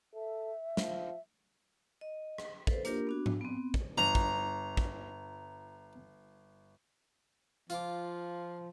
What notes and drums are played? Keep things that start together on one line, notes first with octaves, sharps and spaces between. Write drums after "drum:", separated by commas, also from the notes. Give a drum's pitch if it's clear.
A4 E5
F3, drum: snare
D#5
drum: rim click
A4 B4 C5, drum: kick
A#3 D4 F4 G4 A#4, drum: hi-hat
B3 D4 F#4
drum: tom G#2
B3 C4
drum: kick
G1 A#5
drum: kick
drum: kick
F3 F4 F5 D6, drum: hi-hat